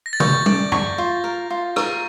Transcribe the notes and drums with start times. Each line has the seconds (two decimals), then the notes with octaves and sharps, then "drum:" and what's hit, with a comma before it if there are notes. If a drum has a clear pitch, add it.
0.06 A#6
0.13 A6
0.20 C#6 G6, drum: tom
0.46 D5, drum: tom
0.72 C#6, drum: tom
0.98 F4
1.24 A#4
1.50 F4
1.76 A#4 C#6, drum: rim click